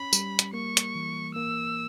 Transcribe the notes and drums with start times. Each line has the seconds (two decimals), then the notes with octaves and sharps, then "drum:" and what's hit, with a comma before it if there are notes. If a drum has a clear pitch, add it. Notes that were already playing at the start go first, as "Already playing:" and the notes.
Already playing: C#4 B5
0.13 G3, drum: tambourine
0.39 drum: hi-hat
0.53 A#3 C#6
0.77 drum: hi-hat
0.95 E3
1.35 A#3 E6